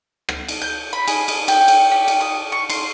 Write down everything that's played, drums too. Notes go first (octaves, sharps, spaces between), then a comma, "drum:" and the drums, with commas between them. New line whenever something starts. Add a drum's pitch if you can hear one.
drum: rim click
drum: cymbal
G6
B5
G#4, drum: cymbal
drum: cymbal
G5, drum: cymbal
drum: cymbal
G4
drum: cymbal
D#6
C#6
C6, drum: cymbal